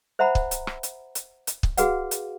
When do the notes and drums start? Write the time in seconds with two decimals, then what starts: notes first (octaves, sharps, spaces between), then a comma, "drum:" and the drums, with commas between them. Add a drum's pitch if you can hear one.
0.19 C5 E5 F#5 A#5 B5
0.35 drum: kick
0.51 drum: hi-hat
0.67 drum: rim click
0.83 drum: hi-hat
1.15 drum: hi-hat
1.47 drum: hi-hat
1.63 drum: kick
1.77 F#4 G#4 B4 F5 F#5, drum: hi-hat
2.11 drum: hi-hat